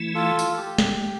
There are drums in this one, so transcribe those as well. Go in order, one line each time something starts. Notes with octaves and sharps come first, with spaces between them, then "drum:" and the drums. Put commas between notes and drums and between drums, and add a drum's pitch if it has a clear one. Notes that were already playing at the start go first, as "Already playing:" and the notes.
Already playing: E3 A3 E4
F4 A4
drum: tambourine
A4
G4
drum: snare